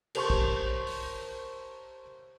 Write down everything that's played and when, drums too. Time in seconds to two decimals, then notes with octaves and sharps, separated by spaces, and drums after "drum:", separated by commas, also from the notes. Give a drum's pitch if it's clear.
0.15 G4 A#4 C5 A5 C6 C#6, drum: cymbal
0.30 drum: kick
0.87 drum: open hi-hat